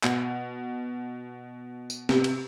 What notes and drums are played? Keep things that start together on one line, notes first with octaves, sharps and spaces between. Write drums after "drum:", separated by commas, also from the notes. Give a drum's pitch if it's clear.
B2, drum: clap
drum: tambourine
C3, drum: snare
drum: cymbal